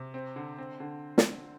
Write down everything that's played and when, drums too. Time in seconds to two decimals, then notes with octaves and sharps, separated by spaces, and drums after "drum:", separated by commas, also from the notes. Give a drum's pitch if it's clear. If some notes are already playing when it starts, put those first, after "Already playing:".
Already playing: C3
0.14 C4
0.36 D3
0.58 C4
0.80 D3
1.18 drum: snare